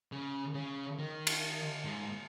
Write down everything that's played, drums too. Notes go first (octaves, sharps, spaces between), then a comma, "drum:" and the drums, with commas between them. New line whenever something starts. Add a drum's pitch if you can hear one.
C#3
C#3
D#3
drum: cymbal
G#2